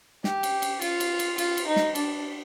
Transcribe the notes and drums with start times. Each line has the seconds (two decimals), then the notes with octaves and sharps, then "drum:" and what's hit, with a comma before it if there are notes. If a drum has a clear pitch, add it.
0.24 G4, drum: snare
0.43 drum: cymbal
0.62 drum: cymbal
0.81 F4, drum: cymbal
1.00 drum: cymbal
1.19 drum: cymbal
1.38 F4, drum: cymbal
1.57 drum: cymbal
1.67 D#4
1.76 drum: snare
1.95 D4, drum: cymbal